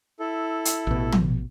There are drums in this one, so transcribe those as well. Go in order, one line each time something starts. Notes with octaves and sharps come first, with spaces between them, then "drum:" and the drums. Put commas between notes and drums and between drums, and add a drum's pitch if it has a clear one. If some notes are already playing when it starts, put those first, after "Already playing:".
E4 A4
drum: hi-hat
A1 B2
drum: tom